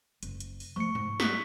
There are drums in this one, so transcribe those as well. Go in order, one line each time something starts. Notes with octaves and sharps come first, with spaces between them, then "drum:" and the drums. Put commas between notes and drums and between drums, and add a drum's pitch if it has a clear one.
F#1, drum: hi-hat
drum: hi-hat
drum: open hi-hat
F3 A3 C#6 C#7
G#2
F#6 B6, drum: snare